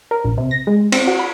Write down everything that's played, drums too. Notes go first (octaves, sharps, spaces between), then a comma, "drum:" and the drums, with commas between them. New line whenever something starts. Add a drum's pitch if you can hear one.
A#4
A#1
C3
A#6
G#3
C4, drum: cymbal
F#4
B5